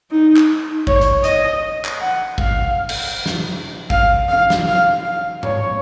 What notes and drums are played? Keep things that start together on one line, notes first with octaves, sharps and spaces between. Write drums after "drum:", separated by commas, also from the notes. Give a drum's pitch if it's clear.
D#4
drum: clap
C#5, drum: kick
drum: hi-hat
D#5, drum: hi-hat
drum: clap
F#5
F5, drum: kick
drum: cymbal
drum: snare
F5, drum: kick
F5
drum: snare
F5
F5
C#5, drum: tom G#2